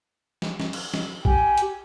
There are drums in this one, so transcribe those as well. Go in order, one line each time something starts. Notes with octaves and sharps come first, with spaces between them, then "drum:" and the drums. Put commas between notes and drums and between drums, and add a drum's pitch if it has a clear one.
drum: snare
drum: snare
drum: cymbal
drum: snare
G4 G#5, drum: kick A#1
drum: hi-hat